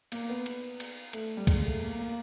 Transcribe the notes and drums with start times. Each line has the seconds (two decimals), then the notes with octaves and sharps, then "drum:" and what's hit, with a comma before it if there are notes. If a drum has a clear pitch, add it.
0.12 A#3, drum: cymbal
0.29 B3
0.46 drum: cymbal
0.80 drum: cymbal
1.13 A3, drum: cymbal
1.37 G3
1.47 G#3, drum: kick C2, cymbal
1.65 A3
1.82 A#3
1.99 A#3